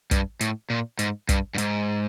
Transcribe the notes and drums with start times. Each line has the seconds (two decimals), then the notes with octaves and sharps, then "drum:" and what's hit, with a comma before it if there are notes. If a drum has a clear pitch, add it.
0.11 G2, drum: kick, hi-hat
0.41 A2, drum: hi-hat
0.70 A#2
0.99 G#2, drum: hi-hat
1.29 G2, drum: kick, hi-hat
1.55 G2
1.58 G#2, drum: hi-hat